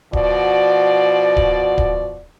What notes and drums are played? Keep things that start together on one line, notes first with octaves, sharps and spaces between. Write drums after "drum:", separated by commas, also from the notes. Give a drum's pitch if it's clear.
B2 F3 F#4 D5, drum: kick D1
drum: kick D1
drum: kick D1